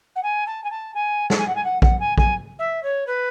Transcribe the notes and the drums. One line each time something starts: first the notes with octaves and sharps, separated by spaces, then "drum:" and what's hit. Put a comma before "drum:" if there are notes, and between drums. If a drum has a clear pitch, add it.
F#5
G#5
A5
G#5
A5
G#5
A5, drum: snare
G#5
F#5
G#5
F#5
F#5, drum: kick
G#5
G#5, drum: kick
E5
C#5
B4